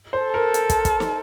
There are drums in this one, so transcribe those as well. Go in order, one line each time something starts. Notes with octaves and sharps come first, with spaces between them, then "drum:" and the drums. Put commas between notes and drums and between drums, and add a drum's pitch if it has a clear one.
C5
A4
A#4
drum: hi-hat
drum: kick, hi-hat
drum: kick, hi-hat
drum: snare